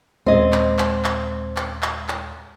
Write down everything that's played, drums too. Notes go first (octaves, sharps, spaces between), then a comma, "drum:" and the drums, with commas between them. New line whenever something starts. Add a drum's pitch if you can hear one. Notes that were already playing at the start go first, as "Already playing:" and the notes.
D#2 A#2 G#3 C4 D#5
drum: clap
drum: clap
drum: clap
drum: clap
drum: clap
drum: clap